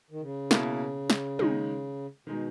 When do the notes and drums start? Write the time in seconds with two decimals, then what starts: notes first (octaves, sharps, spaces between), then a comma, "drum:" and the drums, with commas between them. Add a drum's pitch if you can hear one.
0.11 D#3
0.21 C#3
0.51 B2 A#3 E4, drum: snare
1.10 drum: snare
1.39 D#3 G#3 D#4, drum: tom
2.27 B2 D#3 G#3 D#4